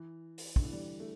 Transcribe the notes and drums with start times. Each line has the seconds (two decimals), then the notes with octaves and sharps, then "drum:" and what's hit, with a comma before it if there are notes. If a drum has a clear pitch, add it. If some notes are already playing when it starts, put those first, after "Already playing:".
Already playing: E3
0.38 drum: open hi-hat
0.56 D3, drum: kick
0.64 E3
0.73 G3
1.00 A3